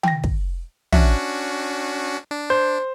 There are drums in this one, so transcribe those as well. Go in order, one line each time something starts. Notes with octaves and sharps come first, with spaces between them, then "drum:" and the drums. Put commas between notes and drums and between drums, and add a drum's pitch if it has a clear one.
G5 A#6, drum: tom D#3
drum: kick
C#4 D4 F#4 E5, drum: tom
D4
C5 G6